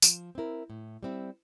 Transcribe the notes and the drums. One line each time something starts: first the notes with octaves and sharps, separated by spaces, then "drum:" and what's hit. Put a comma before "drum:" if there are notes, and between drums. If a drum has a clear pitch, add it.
F3, drum: tambourine
C4 E4 A#4
A2
G3 C4 E4